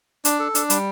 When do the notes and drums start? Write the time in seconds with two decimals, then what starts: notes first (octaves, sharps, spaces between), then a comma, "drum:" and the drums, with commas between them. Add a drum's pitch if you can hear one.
0.25 D4, drum: hi-hat
0.39 A4
0.55 D4, drum: hi-hat
0.70 G3, drum: hi-hat